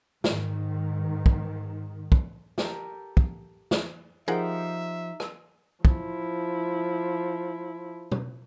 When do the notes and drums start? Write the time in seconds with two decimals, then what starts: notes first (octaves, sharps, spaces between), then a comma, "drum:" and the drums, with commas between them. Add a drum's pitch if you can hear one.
0.24 G#2 D#3, drum: snare
1.26 drum: kick
2.12 drum: kick
2.58 G4 A4 A#4, drum: snare
3.17 drum: kick
3.71 drum: snare
4.28 F3 D#4 G4 G#4 A#4 E5 F#5 G5
5.20 drum: rim click
5.85 F3 E4, drum: kick
8.12 drum: tom B2